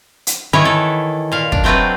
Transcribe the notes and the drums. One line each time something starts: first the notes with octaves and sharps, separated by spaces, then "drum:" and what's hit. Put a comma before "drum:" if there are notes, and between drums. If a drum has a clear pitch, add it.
drum: hi-hat
D#3 E3 E4 B4 C#5 A#5
A4
A#2 F5
D4, drum: kick
F#3 A3 C4 F4 B4